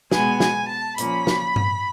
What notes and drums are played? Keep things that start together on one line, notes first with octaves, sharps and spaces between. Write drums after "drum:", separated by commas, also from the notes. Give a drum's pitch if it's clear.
B2 G#3 B3 G#5, drum: snare
G#5, drum: snare
A5
A#2 F3 A#3 C#4 B5, drum: hi-hat
drum: snare
drum: tom G2